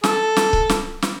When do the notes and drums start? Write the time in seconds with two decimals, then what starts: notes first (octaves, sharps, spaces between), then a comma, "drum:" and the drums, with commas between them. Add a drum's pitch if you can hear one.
0.04 A4, drum: snare
0.36 drum: snare
0.53 drum: kick
0.69 drum: snare
1.02 drum: snare